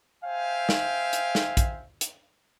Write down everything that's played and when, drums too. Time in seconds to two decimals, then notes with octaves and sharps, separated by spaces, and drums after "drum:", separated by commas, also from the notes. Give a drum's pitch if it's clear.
0.25 C5 E5 F5 G5 G#5
0.69 drum: snare
1.13 drum: hi-hat
1.35 drum: snare
1.57 drum: kick, hi-hat
2.01 drum: hi-hat